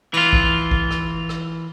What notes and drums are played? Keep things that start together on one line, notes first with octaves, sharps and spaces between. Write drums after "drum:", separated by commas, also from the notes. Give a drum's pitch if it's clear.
E3 F4, drum: cymbal
drum: kick A#1
drum: kick A#1
drum: rim click
drum: rim click